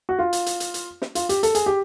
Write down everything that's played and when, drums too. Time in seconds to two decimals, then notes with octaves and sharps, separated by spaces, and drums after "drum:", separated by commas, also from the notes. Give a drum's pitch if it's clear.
0.09 F#4
0.19 F4
0.33 drum: hi-hat
0.46 drum: hi-hat
0.60 drum: hi-hat
0.74 drum: hi-hat
1.02 drum: snare
1.15 F4, drum: hi-hat
1.29 G4, drum: hi-hat
1.43 A4, drum: hi-hat
1.55 G#4, drum: hi-hat
1.66 G4